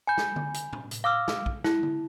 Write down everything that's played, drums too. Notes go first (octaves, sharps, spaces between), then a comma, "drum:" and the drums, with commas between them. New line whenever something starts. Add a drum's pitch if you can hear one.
G#5 B5 G6
drum: snare
drum: tom D3
drum: hi-hat
drum: tom A2
drum: hi-hat
F5 D6 E6 F6
drum: snare
drum: kick
E4, drum: snare
drum: tom D3